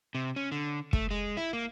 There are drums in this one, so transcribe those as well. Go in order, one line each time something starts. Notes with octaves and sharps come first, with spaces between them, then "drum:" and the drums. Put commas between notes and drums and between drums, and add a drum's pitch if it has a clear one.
C3
C#4
D3
A3, drum: kick
G#3
E4
A#3